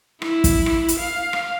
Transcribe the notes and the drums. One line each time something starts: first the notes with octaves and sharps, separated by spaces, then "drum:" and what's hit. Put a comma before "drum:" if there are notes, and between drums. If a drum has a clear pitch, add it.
E4, drum: rim click
drum: kick, hi-hat
drum: rim click
drum: hi-hat
F5
drum: rim click